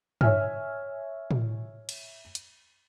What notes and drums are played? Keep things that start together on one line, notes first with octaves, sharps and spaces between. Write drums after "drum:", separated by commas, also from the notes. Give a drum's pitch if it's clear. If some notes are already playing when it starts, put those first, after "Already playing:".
C#5 E5 G#5 F6, drum: tom G2
drum: tom
drum: cymbal
drum: hi-hat